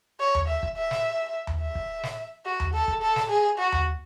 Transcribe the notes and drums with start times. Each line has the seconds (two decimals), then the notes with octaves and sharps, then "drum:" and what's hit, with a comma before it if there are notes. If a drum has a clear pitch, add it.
0.20 C#5
0.35 drum: tom D#2
0.48 E5
0.63 drum: kick
0.77 E5
0.91 drum: snare
1.47 drum: tom D#2
1.62 E5
1.75 drum: kick
2.03 drum: snare
2.45 F#4
2.60 drum: tom D#2
2.74 A4
2.88 drum: kick
3.02 A4
3.16 drum: snare
3.30 G#4
3.58 F#4
3.72 drum: tom D#2